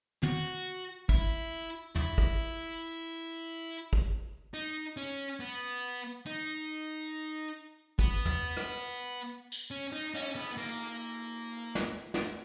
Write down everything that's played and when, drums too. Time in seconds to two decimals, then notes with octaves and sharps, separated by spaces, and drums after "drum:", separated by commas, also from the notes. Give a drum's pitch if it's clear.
0.23 F#4, drum: tom
1.09 E4, drum: kick
1.96 E4, drum: tom
2.18 drum: kick
3.93 drum: kick
4.54 D#4
4.97 C#4, drum: hi-hat
5.40 B3
6.26 D#4
7.99 B3, drum: kick
8.25 drum: tom
8.57 drum: rim click
9.52 drum: tambourine
9.71 C#4
9.93 D#4
10.14 C#4, drum: cymbal
10.35 B3
10.57 A#3
11.75 drum: snare
12.14 drum: snare